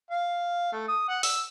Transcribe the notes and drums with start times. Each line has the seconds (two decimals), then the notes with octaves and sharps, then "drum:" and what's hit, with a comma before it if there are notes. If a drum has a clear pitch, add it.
0.11 F5
0.72 A3
0.88 D#6
1.09 F#5
1.23 E6, drum: open hi-hat